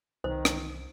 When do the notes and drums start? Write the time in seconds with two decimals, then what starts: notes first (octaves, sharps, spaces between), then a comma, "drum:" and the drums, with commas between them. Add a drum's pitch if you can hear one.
0.24 C2 D#3 C5
0.45 drum: rim click